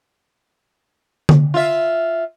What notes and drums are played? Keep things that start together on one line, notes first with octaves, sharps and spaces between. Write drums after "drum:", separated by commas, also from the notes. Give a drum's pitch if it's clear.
drum: tom D3
F4 E5